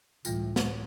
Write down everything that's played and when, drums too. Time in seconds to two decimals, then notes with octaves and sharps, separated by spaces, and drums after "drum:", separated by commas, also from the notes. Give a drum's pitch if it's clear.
0.25 C#2 A2 E3 G3 F4, drum: tambourine
0.56 drum: snare